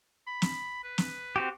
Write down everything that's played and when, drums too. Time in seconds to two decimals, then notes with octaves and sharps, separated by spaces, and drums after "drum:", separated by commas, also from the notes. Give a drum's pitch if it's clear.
0.27 B5
0.42 drum: snare
0.84 B4
0.98 drum: snare
1.36 C4 F#4 G4